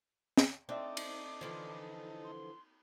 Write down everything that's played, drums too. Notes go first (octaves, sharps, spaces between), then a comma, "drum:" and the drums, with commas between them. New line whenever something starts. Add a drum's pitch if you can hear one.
drum: snare
C4 D4 D#4 A4 D5 E5 D6
drum: cymbal
D3 E3 F3
C6